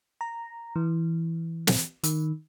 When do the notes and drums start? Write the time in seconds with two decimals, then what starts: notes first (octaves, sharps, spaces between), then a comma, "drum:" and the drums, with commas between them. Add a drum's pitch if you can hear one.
0.21 A#5
0.76 E3
1.67 drum: snare
2.04 D#3, drum: hi-hat